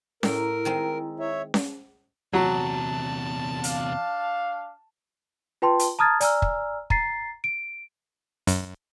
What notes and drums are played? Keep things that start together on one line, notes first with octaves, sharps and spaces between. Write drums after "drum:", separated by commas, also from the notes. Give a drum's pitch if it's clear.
A2 E4 A#4 G5 A#5, drum: snare C#4
D#3 G#3 C4
C#5 E5
drum: snare C#4
E2 C3 F#3 A5
D4 F5, drum: hi-hat
F4 B4 G5 A5 C6
drum: hi-hat
A5 A#5 D#6 F6 G#6 A6
D5 G#5 A#5 E6 F6, drum: hi-hat
drum: kick
A#5 A6 C7, drum: kick
D7
F#2, drum: hi-hat